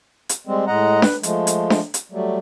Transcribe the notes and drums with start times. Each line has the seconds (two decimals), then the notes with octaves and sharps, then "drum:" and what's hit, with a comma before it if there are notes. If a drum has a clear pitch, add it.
0.29 drum: hi-hat
0.47 G3 G#3 C4
0.67 A2 G#3 D#5 F#5 A#5
1.02 B4, drum: snare D4
1.23 F3 G#3 A3, drum: hi-hat
1.47 drum: hi-hat
1.70 drum: snare D4
1.94 drum: hi-hat
2.12 F#3 G3 A3